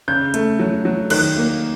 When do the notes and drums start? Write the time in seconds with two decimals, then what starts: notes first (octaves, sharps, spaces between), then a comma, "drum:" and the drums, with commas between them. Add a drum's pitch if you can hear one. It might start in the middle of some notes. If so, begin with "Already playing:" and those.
0.08 C#3 G6
0.34 A3, drum: hi-hat
0.59 F#3
0.85 F#3
1.10 D#3 F#6, drum: cymbal
1.36 A#3